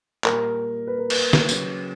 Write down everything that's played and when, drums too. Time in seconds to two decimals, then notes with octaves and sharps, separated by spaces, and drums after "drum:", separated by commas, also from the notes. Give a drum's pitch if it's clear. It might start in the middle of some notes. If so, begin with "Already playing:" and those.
0.24 A#2 G3 A#4, drum: clap
0.87 B4
0.98 A#4
1.10 B4, drum: cymbal
1.33 drum: snare
1.49 C#3 F#3, drum: tambourine